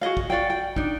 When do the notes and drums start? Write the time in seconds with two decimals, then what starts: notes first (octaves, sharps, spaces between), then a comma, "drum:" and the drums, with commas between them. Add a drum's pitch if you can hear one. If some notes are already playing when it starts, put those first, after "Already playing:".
0.01 F#4 G#4 D#5 F5
0.17 drum: kick
0.30 F#4 D5 F5 G5
0.50 G5
0.76 D4 D#4, drum: kick